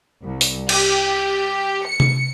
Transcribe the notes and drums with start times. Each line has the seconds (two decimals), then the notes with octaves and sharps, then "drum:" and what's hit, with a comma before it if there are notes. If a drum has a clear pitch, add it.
0.23 C2
0.41 drum: open hi-hat
0.69 G4, drum: cymbal
1.87 C#7
2.00 drum: tom C3